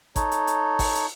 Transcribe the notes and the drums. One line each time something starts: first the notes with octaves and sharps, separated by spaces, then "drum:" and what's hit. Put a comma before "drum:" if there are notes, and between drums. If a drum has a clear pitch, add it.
D#4 A4 C#5, drum: kick G#1, hi-hat
drum: hi-hat
drum: hi-hat
drum: kick G#1, open hi-hat
drum: hi-hat